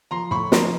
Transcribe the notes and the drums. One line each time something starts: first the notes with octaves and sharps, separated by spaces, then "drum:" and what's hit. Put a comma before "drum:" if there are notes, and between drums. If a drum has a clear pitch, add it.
F3 A#5 C6
A2 B5 C#6
F3 A#5 C6, drum: snare